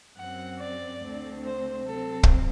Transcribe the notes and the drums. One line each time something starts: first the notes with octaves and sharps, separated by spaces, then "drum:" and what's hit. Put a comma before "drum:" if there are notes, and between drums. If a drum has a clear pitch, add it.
F#2 F#3 C4 F#5
D5
D2 D3 A3 C4
C5
C3 F#3 C4 A4
drum: kick